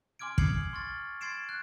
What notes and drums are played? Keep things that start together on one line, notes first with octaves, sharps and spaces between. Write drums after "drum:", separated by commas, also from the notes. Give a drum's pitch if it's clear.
G#5 C6 D6 F6 G#6 D7
D#6 G#6 C7 C#7 F#7, drum: kick
C6 C#6 F6 A6
C6 G#6 A6 C7 D7 E7
F#6